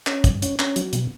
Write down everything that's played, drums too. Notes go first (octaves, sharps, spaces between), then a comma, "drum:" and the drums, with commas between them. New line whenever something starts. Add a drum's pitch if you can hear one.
C#4, drum: clap
G2, drum: kick, hi-hat
C#4, drum: hi-hat
C#4, drum: clap
F#3, drum: hi-hat
B2, drum: hi-hat